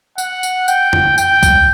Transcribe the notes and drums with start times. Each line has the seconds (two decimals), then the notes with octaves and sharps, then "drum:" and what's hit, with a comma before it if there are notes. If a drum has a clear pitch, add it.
0.18 F#5, drum: tambourine
0.43 drum: tambourine
0.68 G5, drum: tambourine
0.93 drum: tom F2
1.18 G5, drum: tambourine
1.43 drum: kick, tambourine